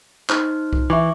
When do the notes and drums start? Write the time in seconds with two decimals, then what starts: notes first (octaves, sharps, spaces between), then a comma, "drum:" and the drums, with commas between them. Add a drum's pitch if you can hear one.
0.29 D#4 C5 F6, drum: clap
0.73 drum: kick C2
0.90 E3 E5 C#6 D6